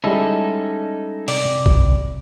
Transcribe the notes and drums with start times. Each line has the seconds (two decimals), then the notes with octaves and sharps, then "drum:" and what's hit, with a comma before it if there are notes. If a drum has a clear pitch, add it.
0.04 G3 G#3 C#4 D#4 E4 A4
1.28 C3 D5, drum: open hi-hat
1.66 drum: kick A#1